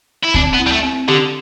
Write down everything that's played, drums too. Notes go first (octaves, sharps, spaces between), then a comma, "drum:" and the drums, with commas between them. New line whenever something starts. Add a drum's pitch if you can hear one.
E4
C4 D4, drum: kick D2
B3
E4
G3
A3
C4
D3 G4